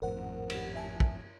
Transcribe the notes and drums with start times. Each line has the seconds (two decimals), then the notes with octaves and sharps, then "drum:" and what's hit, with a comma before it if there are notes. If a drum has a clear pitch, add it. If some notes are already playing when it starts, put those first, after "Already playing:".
0.02 G#1 F2 A2 A#4 C5 F#5
0.50 drum: cymbal
0.75 E5 G#5 A5
1.00 drum: kick